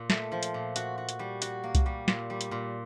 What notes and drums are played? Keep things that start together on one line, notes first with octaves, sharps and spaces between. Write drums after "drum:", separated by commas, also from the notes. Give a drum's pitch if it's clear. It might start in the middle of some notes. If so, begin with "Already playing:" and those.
Already playing: A#2
A3, drum: snare
F3
drum: hi-hat
A#2
F#4, drum: hi-hat
F#4
drum: hi-hat
G3
F#4, drum: hi-hat
A#3
drum: kick C2, hi-hat
G3
A#2, drum: snare
G3
drum: hi-hat
A#2